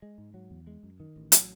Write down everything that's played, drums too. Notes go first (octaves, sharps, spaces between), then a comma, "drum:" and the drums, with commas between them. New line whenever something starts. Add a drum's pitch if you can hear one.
G#3
G#2
F#3
E2
G#3
F#2
D#3
A1
F#3, drum: hi-hat